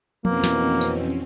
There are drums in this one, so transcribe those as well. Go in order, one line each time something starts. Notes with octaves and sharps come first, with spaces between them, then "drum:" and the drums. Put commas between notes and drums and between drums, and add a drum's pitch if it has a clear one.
F2 B2 E3 A#3 C4 C#4, drum: tom
drum: snare
drum: tambourine